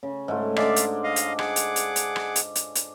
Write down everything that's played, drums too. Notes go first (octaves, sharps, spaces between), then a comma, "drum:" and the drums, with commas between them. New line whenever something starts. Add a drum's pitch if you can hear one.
C#3
G#2 A3 F4
G#3 D4 D5 E5 F5, drum: rim click
drum: hi-hat
D#5 F5
drum: hi-hat
G#4 F#5 D6, drum: rim click
drum: hi-hat
drum: hi-hat
drum: hi-hat
drum: rim click
drum: hi-hat
drum: hi-hat
drum: hi-hat